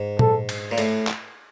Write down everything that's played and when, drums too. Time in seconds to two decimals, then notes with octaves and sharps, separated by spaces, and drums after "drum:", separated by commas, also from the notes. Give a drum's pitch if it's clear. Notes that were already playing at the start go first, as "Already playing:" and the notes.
Already playing: G#2
0.19 A4, drum: tom A#2
0.49 drum: cymbal
0.71 A#2
0.78 A2, drum: cymbal
1.07 drum: clap